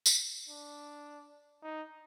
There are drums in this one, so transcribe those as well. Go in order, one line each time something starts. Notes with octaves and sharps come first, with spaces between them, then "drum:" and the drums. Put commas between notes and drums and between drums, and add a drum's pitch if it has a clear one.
drum: tambourine
D4
D#4